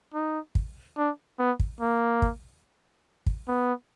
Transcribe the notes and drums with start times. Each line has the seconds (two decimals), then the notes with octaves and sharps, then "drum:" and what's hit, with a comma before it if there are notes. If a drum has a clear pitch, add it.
0.14 D#4
0.55 drum: kick
0.97 D4
1.39 B3
1.60 drum: kick
1.81 A#3
2.22 drum: kick
3.26 drum: kick
3.48 B3